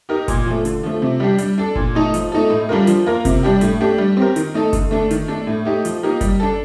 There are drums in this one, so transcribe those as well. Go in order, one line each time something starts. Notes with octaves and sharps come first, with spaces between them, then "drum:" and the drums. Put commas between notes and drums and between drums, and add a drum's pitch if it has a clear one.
D#4 G4 A#4
A#2, drum: kick F#1, hi-hat
F3 A3
D3, drum: hi-hat
F3 A3
C3
G3 D4 G4
G3, drum: hi-hat
D4 A4
A#2, drum: kick F#1
A3 D#4 A4
F3, drum: hi-hat
A3 D#4 A4
A2
G3 D4 F4 A#4
F3, drum: hi-hat
A#3 F4 A#4
C3, drum: kick F#1, hi-hat
G3 D4 G4
A2, drum: hi-hat
A3 D4 G4
G3
C4 G4 A#4
D#3, drum: hi-hat
A3 D#4 A4
D3, drum: kick F#1, hi-hat
A3 D4 A4
D#3, drum: hi-hat
A3 D4 A4
A2
A3 D#4 G4
F3, drum: hi-hat
A#3 D#4 G4 A#4
G3, drum: kick F#1, hi-hat
D4 A4